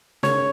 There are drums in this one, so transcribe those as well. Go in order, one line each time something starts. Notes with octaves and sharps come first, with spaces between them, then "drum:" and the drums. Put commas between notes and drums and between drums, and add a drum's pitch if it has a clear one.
C#3 C#5, drum: snare